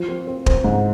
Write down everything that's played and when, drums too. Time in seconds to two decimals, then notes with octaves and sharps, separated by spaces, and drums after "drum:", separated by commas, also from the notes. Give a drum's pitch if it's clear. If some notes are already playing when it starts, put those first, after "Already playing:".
Already playing: F3
0.08 C4
0.27 C4
0.46 C4, drum: kick
0.64 G#2